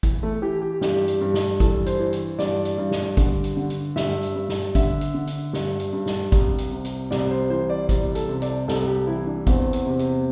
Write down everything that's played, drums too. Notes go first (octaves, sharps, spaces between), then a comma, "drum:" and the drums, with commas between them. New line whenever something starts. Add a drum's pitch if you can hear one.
E3, drum: kick, hi-hat
A3
E3 G4
G4
G2 G4, drum: snare
drum: hi-hat
G2
drum: snare
E3 A4, drum: kick, hi-hat
C5, drum: hi-hat
E3
drum: hi-hat
G2 D5, drum: snare
drum: hi-hat
G2
drum: snare
D3, drum: kick, hi-hat
drum: hi-hat
D3
drum: hi-hat
G2 E5, drum: snare
drum: hi-hat
G2
drum: snare
D3 E5, drum: kick, hi-hat
drum: hi-hat
D3
drum: hi-hat
G2, drum: snare
drum: hi-hat
G2
drum: snare
C2, drum: kick, hi-hat
drum: hi-hat
C3
drum: hi-hat
C2 D5, drum: snare
C5
E3 C5
D5
C2 D5, drum: kick, hi-hat
A4, drum: hi-hat
C3
D5, drum: hi-hat
C2 A4, drum: snare
G4
E3 E4
D4
E2 C4, drum: kick, hi-hat
drum: hi-hat
C3
drum: hi-hat